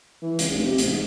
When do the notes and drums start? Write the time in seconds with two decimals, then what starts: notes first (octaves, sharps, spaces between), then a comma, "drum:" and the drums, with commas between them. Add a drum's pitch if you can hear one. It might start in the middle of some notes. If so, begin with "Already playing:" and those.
0.22 E3
0.39 C#2, drum: hi-hat
0.51 F1
0.66 C3
0.78 A1, drum: hi-hat
0.92 G#2